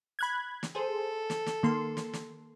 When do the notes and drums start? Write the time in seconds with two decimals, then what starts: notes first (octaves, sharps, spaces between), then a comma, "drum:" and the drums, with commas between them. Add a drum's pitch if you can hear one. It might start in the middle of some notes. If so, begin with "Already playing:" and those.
0.19 B5 F#6 G#6
0.63 drum: snare
0.75 G#4 A4 C5
1.30 drum: snare
1.46 drum: snare
1.63 D#3 A#3 C6
1.97 drum: snare
2.13 drum: snare